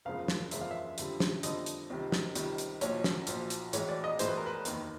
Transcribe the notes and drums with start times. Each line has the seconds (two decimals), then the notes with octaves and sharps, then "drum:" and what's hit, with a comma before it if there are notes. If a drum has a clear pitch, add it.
0.05 F#1 E2 C#3 F3 G#3 F5
0.28 drum: snare
0.51 F#1 E2 C#3 F3 G#3 E5, drum: hi-hat
0.61 F5
0.71 E5
0.98 F2 D3 G3, drum: hi-hat
1.20 drum: snare
1.43 F2 D3 G3 D#5, drum: hi-hat
1.66 drum: hi-hat
1.90 C#2 C3 D#3 G3
2.12 drum: snare
2.35 C#2 C3 D#3 G3, drum: hi-hat
2.58 drum: hi-hat
2.81 B1 A#2 F3 C#5, drum: hi-hat
3.04 drum: snare
3.27 B1 A#2 F3, drum: hi-hat
3.50 drum: hi-hat
3.73 B1 A2 E3 G#3 C#5, drum: hi-hat
3.89 D5
4.04 D#5
4.19 B1 A2 E3 G#3 C5, drum: hi-hat
4.28 B4
4.38 A#4
4.46 B4
4.65 F1 D#2 D#3, drum: hi-hat